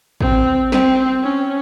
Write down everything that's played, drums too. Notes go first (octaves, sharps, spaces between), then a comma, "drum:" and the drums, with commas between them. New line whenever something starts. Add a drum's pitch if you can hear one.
C4, drum: kick
C4, drum: snare
C#4